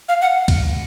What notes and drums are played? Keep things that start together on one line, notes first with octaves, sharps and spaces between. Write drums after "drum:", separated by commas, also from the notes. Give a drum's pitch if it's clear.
F5
F#5
drum: kick, cymbal